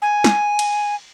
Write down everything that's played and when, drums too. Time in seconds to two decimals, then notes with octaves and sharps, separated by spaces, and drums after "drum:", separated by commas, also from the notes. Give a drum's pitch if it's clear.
0.02 G#5
0.24 drum: snare
0.59 drum: cymbal